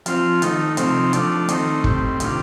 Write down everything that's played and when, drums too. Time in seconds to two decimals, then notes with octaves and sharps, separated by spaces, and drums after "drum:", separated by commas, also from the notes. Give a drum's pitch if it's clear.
0.06 F3 C4 F4, drum: hi-hat
0.42 D#3 A3 D#4, drum: hi-hat
0.77 C3 F3 C4 D#4, drum: hi-hat
1.13 F3 A3 D4, drum: hi-hat
1.49 D#3 A3 C4 D#4, drum: hi-hat
1.84 A2 G3 C4, drum: kick
2.20 C3 D#3 G3 D4 F4, drum: hi-hat